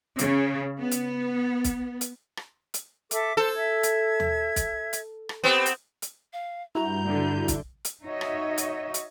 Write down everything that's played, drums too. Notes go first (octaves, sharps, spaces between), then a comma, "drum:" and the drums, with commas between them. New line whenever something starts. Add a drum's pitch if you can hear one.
C#3, drum: hi-hat
B3
drum: hi-hat
drum: kick, hi-hat
drum: hi-hat
drum: rim click
drum: hi-hat
A4 E5 D6, drum: hi-hat
A4 C5
E5 G#6
drum: hi-hat
drum: tom D#2
drum: kick, hi-hat
drum: hi-hat
drum: rim click
B3 C4 G4
drum: hi-hat
drum: hi-hat
F5
G2 E4 F#4 A#5 G6
D3
drum: kick, hi-hat
drum: hi-hat
D#4 F#4 C#5 D#5 E5
drum: rim click
drum: hi-hat
drum: hi-hat